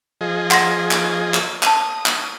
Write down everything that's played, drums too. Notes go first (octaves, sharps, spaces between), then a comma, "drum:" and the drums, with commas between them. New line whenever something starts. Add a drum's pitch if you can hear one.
F3 G#4 D#5
F#5 C6 A#6, drum: clap
drum: clap
drum: clap
A5 D#6 D#7, drum: clap
drum: clap